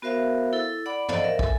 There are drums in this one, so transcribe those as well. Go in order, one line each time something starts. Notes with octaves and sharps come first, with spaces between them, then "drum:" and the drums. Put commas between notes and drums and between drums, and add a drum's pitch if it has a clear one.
B3 F#4 A#4 C5 E5 F5
E4 A4
D5 F#5 B5 D6
A4 C5 D5 D#5 F5 F#5, drum: tom
A#4 E5
A4 G#5, drum: kick